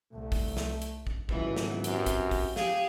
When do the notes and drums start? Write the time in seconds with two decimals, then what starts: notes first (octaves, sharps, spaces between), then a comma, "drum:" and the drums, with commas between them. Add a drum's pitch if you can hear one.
0.12 C2 A3
0.32 drum: kick, open hi-hat
0.57 drum: snare
0.82 drum: hi-hat
1.07 drum: kick
1.29 G#1 C#2 E3 F#3 B3, drum: kick
1.56 drum: snare
1.84 F#2 C4 G4, drum: hi-hat
2.06 drum: kick, hi-hat
2.31 drum: kick, open hi-hat
2.56 G4 G#4 F5, drum: snare